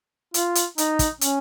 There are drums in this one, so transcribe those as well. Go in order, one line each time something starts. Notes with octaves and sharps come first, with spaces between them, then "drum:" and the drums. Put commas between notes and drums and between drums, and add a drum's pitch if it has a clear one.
F4, drum: hi-hat
drum: hi-hat
D#4, drum: hi-hat
drum: kick, hi-hat
C#4, drum: hi-hat